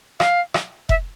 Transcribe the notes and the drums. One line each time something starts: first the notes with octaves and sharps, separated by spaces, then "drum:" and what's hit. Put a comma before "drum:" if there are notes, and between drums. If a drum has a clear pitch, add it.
F5, drum: rim click
drum: rim click
E5, drum: kick F1